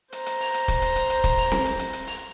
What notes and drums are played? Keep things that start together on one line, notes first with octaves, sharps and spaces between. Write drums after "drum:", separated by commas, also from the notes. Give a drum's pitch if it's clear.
C5 A#5, drum: hi-hat
drum: hi-hat
drum: open hi-hat
drum: hi-hat
drum: kick, hi-hat
drum: hi-hat
drum: hi-hat
drum: hi-hat
drum: kick, hi-hat
drum: open hi-hat
drum: snare C4
drum: hi-hat
drum: hi-hat
drum: hi-hat
drum: open hi-hat